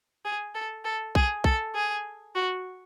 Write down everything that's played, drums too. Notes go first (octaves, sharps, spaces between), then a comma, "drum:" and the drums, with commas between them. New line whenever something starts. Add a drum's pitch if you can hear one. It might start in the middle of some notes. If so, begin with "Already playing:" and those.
G#4
A4
A4
G#4, drum: kick B1
A4, drum: kick B1
G#4
F#4